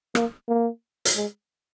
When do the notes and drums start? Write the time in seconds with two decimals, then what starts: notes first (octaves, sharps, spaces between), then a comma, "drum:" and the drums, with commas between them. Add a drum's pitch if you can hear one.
0.15 A#3, drum: rim click
0.48 A#3
1.05 drum: hi-hat
1.15 G#3